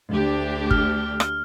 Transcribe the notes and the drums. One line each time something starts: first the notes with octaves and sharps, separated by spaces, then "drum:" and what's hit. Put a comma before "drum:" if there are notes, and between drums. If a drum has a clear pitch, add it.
D2 D4 G4
F6, drum: kick G1
drum: rim click